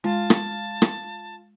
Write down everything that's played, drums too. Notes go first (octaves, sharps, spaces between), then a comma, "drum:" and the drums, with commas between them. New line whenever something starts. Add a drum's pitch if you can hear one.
G#3 F4 A5
drum: rim click
drum: rim click